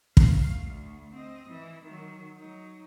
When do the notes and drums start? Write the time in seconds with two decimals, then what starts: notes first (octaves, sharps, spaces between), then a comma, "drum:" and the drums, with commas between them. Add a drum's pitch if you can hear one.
0.17 A3 F5, drum: kick
0.66 D2
1.14 C4 D#5
1.49 E3
1.84 D#3 F#3
2.37 F#3 D#4